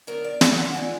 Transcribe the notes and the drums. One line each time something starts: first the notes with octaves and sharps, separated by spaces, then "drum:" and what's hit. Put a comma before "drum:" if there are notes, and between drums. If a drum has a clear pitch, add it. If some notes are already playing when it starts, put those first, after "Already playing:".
D3 F#3 B3 A#4
D5
F5, drum: snare
F#5
D#3 G#3 D4 F4 G#5